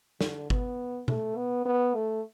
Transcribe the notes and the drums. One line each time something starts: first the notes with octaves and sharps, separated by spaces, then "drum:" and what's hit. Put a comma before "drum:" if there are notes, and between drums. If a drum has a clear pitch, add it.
D3, drum: snare
B3, drum: kick G1
A3, drum: tom B2
B3
B3
A3